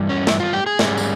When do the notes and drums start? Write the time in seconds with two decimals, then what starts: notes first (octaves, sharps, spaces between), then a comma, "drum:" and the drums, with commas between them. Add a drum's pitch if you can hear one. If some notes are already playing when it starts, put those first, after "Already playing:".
Already playing: G2 E3 G3
0.09 C#4
0.27 E4, drum: snare
0.40 F4
0.53 G4
0.66 G#4
0.79 G#2 G3 A#3 C#4, drum: snare
0.97 drum: tambourine